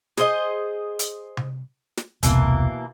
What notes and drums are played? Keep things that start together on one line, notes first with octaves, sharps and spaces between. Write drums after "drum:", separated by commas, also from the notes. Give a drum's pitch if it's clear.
G#4 C5 D#5, drum: snare
drum: hi-hat
drum: tom C3
drum: snare
E1 C2 B2 E3 A#3, drum: hi-hat